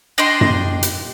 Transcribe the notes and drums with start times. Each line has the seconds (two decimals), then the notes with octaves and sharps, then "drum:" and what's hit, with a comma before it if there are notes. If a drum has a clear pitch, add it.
0.18 D4 D#5 G5 C6
0.41 drum: tom F#2
0.83 drum: hi-hat